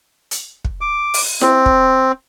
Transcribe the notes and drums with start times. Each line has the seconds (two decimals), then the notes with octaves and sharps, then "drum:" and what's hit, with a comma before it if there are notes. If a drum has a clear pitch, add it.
0.31 drum: hi-hat
0.65 drum: kick
0.81 D6
1.14 drum: open hi-hat
1.41 C4, drum: snare E4
1.66 drum: kick